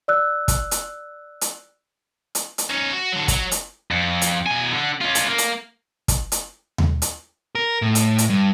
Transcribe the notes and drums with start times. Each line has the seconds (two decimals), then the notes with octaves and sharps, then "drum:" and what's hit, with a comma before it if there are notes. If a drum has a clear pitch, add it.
0.08 D5 E6 F#6
0.48 drum: kick, hi-hat
0.71 drum: hi-hat
1.41 drum: hi-hat
2.35 drum: hi-hat
2.58 drum: hi-hat
2.70 C#4 D#4
2.93 F#4
3.12 D3 F#3
3.28 F#3, drum: kick, hi-hat
3.51 drum: hi-hat
3.91 F2
4.22 drum: hi-hat
4.46 B2 G#5
4.72 D3
5.01 C#4 F4
5.15 drum: hi-hat
5.29 A#3
5.38 drum: hi-hat
6.08 drum: kick, hi-hat
6.32 drum: hi-hat
6.78 drum: tom D#2
7.02 drum: hi-hat
7.55 A#4
7.82 A2
7.95 drum: hi-hat
8.18 drum: hi-hat
8.30 G2